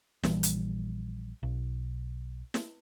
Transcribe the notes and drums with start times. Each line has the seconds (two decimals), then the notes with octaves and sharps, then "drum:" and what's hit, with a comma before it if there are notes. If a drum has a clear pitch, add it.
0.23 A#1 E3 G3, drum: snare
0.43 drum: hi-hat
1.43 B1
2.54 drum: snare